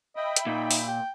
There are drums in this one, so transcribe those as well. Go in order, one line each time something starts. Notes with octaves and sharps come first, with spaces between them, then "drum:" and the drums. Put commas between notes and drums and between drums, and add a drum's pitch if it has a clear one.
D#5 E5 G5 B5
drum: hi-hat
A#2 D#4
drum: open hi-hat
G5